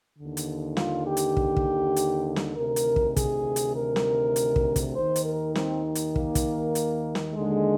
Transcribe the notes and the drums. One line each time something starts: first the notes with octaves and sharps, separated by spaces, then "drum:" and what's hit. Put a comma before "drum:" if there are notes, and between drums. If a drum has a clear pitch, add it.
D#2 D3
drum: hi-hat
F4, drum: snare
G4
drum: hi-hat
drum: kick
drum: kick
drum: hi-hat
drum: snare
D2 C3 D#3 A#4
drum: hi-hat
drum: kick
G#4, drum: kick, hi-hat
drum: hi-hat
A#4
drum: snare
drum: hi-hat
drum: kick
drum: kick, hi-hat
D#2 D#3 C5
drum: hi-hat
A#4
C4, drum: snare
drum: hi-hat
A#3, drum: kick
drum: kick, hi-hat
drum: hi-hat
drum: snare
D#2 D3 G#3